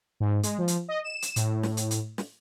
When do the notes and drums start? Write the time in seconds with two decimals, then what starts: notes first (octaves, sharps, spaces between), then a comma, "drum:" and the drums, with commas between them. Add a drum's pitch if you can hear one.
0.20 G#2
0.43 G#3, drum: hi-hat
0.58 F3
0.68 drum: hi-hat
0.88 D#5
1.04 E7
1.22 drum: hi-hat
1.36 A2, drum: hi-hat
1.63 drum: snare
1.77 drum: hi-hat
1.91 drum: hi-hat
2.18 drum: snare